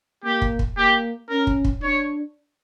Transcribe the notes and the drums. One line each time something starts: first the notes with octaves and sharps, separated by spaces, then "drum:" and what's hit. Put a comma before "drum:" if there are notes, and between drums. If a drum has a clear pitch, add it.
A#3 G4
drum: kick
drum: kick
A#3 G4
C#4 A#4
drum: kick
drum: kick
D4 C#5